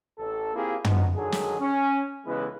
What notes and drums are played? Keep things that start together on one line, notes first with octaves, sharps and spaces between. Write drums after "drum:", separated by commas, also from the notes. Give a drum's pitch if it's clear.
A1 A4
A#3 C4 E4 F4 G4 G#4
B2 F3 G#3 B3 D#4, drum: tom
D3 D#3 F#3 G#4
drum: snare
C#4
B1 C#3 E3 G#3 B3 B4